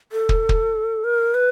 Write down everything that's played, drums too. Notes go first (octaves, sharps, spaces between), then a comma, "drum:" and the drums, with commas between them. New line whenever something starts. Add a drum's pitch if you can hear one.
A4
drum: kick
drum: kick
A#4
B4